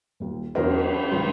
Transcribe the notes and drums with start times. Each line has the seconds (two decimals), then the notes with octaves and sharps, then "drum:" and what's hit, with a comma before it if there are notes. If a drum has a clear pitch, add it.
0.20 D#1 D#2
0.55 E2 F#3 A#4 D#5, drum: cymbal
0.91 B5
1.11 C2 G#2 D#3 F4 B5 C6